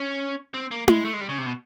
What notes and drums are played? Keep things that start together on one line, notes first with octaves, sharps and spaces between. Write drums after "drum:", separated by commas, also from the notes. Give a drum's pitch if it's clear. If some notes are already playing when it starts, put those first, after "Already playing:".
Already playing: C#4
C4
A#3
G#3, drum: tom E4
A3
G#3
G3
C#3
C3
B2